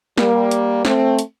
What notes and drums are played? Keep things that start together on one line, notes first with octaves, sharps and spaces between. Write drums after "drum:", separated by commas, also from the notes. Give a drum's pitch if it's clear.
G3 A#3, drum: snare
drum: hi-hat
A3 C4, drum: snare
drum: hi-hat